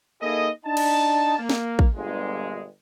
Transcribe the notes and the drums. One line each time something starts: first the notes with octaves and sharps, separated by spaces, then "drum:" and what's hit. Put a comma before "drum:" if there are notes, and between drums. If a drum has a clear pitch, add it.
A#3 D#4 E4 G#4 A4 D#5
D4 D#4 A5
drum: cymbal
A#3
drum: snare
drum: kick
G1 A#2 G#3